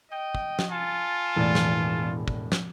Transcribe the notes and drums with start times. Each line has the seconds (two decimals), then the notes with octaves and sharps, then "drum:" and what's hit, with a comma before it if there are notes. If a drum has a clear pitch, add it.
0.10 D#5 G5
0.35 drum: kick
0.59 drum: snare
0.71 F4 A4 G#5 A5
1.36 E1 E2 A2 D5
1.55 drum: snare
2.28 drum: kick
2.52 drum: snare